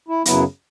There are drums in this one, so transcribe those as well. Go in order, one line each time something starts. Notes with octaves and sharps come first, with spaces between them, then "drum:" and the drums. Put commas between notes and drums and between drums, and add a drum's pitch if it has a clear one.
E4
F#2 C#3 F#3 B3 E4, drum: hi-hat